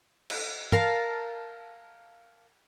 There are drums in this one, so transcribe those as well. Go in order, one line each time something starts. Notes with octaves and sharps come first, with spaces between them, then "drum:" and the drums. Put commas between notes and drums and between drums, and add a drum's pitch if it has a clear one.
drum: cymbal
A#4 F5 A5, drum: tom